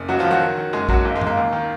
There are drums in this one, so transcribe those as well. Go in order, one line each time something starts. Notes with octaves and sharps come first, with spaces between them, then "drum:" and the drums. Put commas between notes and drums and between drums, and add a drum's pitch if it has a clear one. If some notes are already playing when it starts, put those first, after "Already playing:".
Already playing: F#1
C#2 F#3 F#4
F3 F4
D#3
F#3 F#4
D#3
D#3
F#1 G#3 G#4
F#1 F#3 F#4, drum: kick
G#1 A#3
G#3
G#1 A#3, drum: tom G#2
D#2
D#3